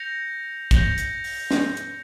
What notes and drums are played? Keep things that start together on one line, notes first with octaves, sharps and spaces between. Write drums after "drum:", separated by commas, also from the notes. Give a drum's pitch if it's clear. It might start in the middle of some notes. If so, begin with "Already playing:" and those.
Already playing: G6 A#6 C#7 F7
G6 A#6 C#7 F7, drum: kick, hi-hat
drum: hi-hat
drum: open hi-hat
drum: snare
drum: hi-hat